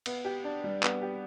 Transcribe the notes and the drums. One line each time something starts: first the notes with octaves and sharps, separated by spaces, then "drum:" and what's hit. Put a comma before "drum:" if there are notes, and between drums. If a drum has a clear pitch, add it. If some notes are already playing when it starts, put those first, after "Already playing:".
B3, drum: cymbal
G4
D4
G3
B3, drum: clap
G4